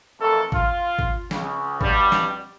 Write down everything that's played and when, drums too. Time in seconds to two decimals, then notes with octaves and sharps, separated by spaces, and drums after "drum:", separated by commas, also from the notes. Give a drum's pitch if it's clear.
0.19 F2 E3 A3 A4 A#4
0.52 F4, drum: kick
0.99 drum: kick
1.31 C#2 C#3, drum: snare
1.81 G2 B2 G3, drum: kick
2.12 drum: snare